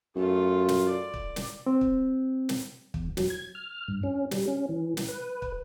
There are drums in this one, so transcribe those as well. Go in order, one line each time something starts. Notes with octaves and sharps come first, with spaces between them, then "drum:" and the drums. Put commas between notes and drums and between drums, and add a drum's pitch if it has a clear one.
F#2 A3 F4
drum: snare
D5
drum: kick
drum: snare
C4
drum: kick
drum: snare
E2, drum: kick
F#3, drum: snare
G#6
F6
G2
C#4
G3, drum: snare
C#4
E3
drum: snare
B4
drum: kick